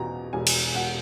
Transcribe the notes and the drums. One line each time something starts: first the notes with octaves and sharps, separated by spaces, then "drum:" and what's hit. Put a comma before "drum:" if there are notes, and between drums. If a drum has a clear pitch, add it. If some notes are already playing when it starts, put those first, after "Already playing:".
Already playing: E2 B2 A#5
E1 G#5
drum: cymbal
E1 F#5